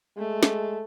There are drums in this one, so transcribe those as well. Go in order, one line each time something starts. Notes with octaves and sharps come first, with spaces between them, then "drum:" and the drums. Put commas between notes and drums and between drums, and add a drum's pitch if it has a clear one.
G#3 A3
drum: snare